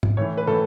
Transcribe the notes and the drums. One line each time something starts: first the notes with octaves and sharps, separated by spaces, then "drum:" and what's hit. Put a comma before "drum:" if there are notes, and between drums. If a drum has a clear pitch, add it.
drum: tom
A2 E3 C#5
B4
A2 E3 A4